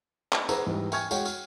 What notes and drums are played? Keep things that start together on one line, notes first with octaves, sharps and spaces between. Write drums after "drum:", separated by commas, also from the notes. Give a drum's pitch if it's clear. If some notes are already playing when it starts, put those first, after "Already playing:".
drum: clap
G#4 B4 C5 F#5 A#5 E6, drum: tambourine
G#2 E3 G3
G5 G#5 C#6 F6 G#6, drum: tambourine
G#3 F#4 C#5 F#5 G5, drum: tambourine
F6, drum: tambourine